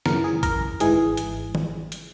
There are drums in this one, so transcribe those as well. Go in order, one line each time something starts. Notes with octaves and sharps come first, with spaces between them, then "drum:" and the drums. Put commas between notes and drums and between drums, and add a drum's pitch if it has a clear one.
F#2 C#3 E3 A#4, drum: snare
G#4
A#4, drum: kick A1, hi-hat
G#1 G#2 E3 G#3 G#4, drum: hi-hat
drum: hi-hat
drum: tom
drum: hi-hat